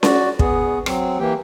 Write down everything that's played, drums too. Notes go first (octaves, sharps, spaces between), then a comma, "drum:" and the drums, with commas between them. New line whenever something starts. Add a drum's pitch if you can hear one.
F#4 D5, drum: snare C#4
B3 G#4, drum: kick
F#3 C4, drum: rim click
E3 A#3 G4 G5